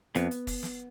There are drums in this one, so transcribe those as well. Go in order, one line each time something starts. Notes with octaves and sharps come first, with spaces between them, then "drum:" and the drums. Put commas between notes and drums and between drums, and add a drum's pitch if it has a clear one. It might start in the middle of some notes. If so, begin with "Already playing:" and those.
F2 B3, drum: hi-hat
drum: hi-hat
drum: kick, open hi-hat
drum: snare